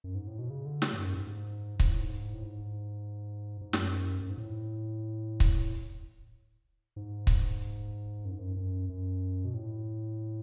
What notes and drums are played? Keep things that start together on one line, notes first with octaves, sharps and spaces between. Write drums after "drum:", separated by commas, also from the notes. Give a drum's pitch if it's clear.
F#2
G#2
A2
B2
C#3
D3
C#3, drum: snare
G#2
F#2
G#2
G#2, drum: kick C#1
A2
G#2
A2
G#2
G#2
F#2, drum: snare
F#2
G#2
A2
drum: kick C#1
G#2
drum: kick C#1
F#2
G#2
F#2
F#2
F#2
B2
A2